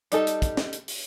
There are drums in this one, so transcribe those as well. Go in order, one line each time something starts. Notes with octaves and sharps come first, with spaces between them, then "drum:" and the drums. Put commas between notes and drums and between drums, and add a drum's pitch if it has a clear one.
G3 D#4 A4, drum: hi-hat
drum: hi-hat
drum: kick, hi-hat
drum: snare
drum: hi-hat
drum: open hi-hat